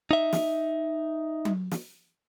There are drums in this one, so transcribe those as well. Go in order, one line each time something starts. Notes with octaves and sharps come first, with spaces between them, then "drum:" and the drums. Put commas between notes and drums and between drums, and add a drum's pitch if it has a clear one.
D#4 E5
drum: snare
drum: tom F#3
drum: snare